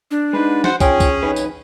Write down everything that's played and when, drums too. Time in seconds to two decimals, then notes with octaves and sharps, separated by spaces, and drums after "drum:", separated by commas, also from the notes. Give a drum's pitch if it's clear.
0.11 D4
0.33 G#3 D#4 B4
0.64 C5 F#5, drum: snare
0.80 C#4 F4 G#4 C#5 G5, drum: kick, tambourine
1.00 drum: kick, tambourine
1.23 F2 D#4 B4
1.36 drum: tambourine